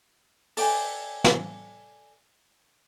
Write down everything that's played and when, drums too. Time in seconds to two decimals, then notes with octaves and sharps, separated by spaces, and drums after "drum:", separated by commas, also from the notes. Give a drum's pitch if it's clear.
0.57 A4 D5 G5 G#5, drum: open hi-hat
1.24 drum: snare